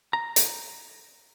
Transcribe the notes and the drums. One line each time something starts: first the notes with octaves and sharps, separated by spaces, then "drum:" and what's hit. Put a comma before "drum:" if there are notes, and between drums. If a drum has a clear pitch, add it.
A#5
drum: hi-hat